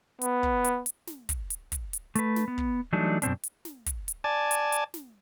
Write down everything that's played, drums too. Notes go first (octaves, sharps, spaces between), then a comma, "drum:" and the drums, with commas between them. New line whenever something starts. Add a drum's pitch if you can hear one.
B3, drum: hi-hat
drum: kick
drum: hi-hat
drum: hi-hat
drum: snare
drum: kick, hi-hat
drum: hi-hat
drum: kick, hi-hat
drum: hi-hat
A3 B4, drum: hi-hat
drum: snare
B3
drum: kick
E3 F#3 G3 A3 D4 D#4
F#2 B2 C4 D4, drum: hi-hat
drum: hi-hat
drum: snare
drum: kick, hi-hat
drum: hi-hat
D5 G#5 A5
drum: hi-hat
drum: hi-hat
drum: snare